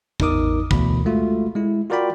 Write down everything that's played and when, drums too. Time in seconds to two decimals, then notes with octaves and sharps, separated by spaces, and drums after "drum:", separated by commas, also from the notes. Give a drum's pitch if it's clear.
0.20 A1 E2 D#4 A#4 D6 D#6, drum: kick
0.71 D2 B2 E3 B5, drum: kick
1.05 G#3 A3 F4 F#4
1.55 G#3 E4
1.90 F4 F#4 A#4 D5 G5 B5